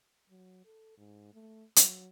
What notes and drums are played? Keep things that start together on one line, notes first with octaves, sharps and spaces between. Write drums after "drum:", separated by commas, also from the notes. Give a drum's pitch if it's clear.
F#3
A4
G#2
A3
F#3, drum: hi-hat